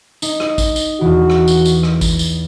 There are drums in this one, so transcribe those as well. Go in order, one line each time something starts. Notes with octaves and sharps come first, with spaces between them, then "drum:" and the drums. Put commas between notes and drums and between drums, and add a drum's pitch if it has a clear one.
D#4, drum: tambourine
drum: rim click
drum: kick A#1, tambourine
drum: tambourine
E2 E3 F#4
drum: rim click
drum: tambourine
drum: tambourine
drum: rim click
drum: kick A#1, tambourine
drum: tambourine